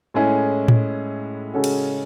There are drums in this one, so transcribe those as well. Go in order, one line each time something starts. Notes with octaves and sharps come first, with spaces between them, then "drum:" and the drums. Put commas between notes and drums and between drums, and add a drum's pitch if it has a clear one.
A2 G#3 C#4 E4 G#4
drum: tom A2
C#3 G#3 C#4 F#4 A4
drum: cymbal